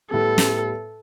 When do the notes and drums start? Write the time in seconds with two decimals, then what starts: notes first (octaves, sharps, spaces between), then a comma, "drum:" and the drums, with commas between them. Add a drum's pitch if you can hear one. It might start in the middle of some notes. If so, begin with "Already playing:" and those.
0.11 A2 G3 B3 A4
0.38 drum: snare